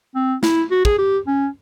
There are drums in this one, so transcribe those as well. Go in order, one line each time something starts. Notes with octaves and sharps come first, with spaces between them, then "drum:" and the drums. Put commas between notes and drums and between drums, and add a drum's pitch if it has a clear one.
C4
E4, drum: snare
F#4
G#4, drum: kick
G4
C#4